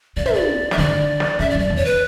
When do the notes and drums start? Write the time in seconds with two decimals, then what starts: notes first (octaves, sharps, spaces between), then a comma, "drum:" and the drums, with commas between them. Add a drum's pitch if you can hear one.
0.17 C#3 D5
0.26 E5, drum: tom
0.33 D5
0.71 E5, drum: snare
0.78 D3 D5
1.20 drum: snare
1.39 C#3 E5
1.50 D5
1.55 F#2
1.60 D5
1.70 E2
1.76 C#5
1.85 B4